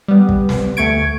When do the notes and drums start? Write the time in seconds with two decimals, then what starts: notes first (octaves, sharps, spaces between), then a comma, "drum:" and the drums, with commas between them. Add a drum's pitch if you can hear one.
0.08 G3 B3
0.29 drum: kick
0.49 drum: snare
0.77 D2 A3 C#6 G#6 D7